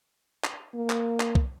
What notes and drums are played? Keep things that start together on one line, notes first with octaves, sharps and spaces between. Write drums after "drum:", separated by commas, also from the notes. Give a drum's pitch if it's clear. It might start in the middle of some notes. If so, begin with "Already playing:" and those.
drum: clap
A#3
drum: clap
drum: clap
drum: kick